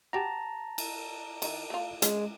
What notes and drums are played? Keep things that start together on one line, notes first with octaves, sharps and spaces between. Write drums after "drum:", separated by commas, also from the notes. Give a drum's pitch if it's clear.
F#4 G4 A5 A#5
drum: cymbal
D#3 E4, drum: cymbal
A3 F4
G#3 C#4, drum: hi-hat